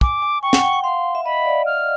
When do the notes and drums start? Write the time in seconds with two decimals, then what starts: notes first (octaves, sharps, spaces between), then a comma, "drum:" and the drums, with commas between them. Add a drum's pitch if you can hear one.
0.01 G#5 D6, drum: kick
0.22 G#5
0.43 G5 C#6
0.53 F#5, drum: snare
0.63 G5
0.73 F#5
0.83 F5 C6
1.15 E5
1.25 D#5 B5
1.46 D5
1.66 F6